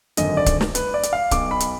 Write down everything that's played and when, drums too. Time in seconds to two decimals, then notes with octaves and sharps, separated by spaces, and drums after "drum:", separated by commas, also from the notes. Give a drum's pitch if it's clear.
0.17 G#1 F#2 D3 D#5, drum: hi-hat
0.37 D5
0.46 drum: kick C#1, hi-hat
0.61 drum: snare
0.75 B4, drum: hi-hat
0.94 D5
1.03 drum: hi-hat
1.13 F5
1.31 B1 B2 D6, drum: kick C#1, hi-hat
1.51 B5
1.60 drum: hi-hat